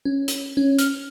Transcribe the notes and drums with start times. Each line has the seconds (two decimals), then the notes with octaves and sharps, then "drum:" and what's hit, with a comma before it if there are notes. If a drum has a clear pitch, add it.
0.05 C#4
0.28 drum: hi-hat
0.57 C#4
0.79 F6, drum: hi-hat